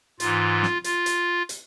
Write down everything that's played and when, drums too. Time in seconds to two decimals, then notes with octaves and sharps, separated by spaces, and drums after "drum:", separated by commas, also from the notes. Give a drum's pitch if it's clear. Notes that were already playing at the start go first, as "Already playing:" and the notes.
0.20 G#2 E3 F4, drum: hi-hat
0.63 drum: snare
0.84 F4, drum: hi-hat
1.06 drum: hi-hat
1.49 drum: hi-hat